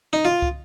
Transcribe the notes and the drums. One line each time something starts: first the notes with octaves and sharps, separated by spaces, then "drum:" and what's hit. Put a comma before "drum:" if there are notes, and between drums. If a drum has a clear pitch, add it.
D#4
F4
drum: kick